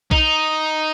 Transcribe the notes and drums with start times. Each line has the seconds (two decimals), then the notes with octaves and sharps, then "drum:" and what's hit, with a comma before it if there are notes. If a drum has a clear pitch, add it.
0.11 D#4, drum: kick B1